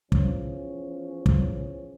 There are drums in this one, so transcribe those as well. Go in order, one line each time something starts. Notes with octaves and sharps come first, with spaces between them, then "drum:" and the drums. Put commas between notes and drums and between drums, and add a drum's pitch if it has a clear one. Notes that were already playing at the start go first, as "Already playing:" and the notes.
E2 F3 C#4, drum: kick
drum: kick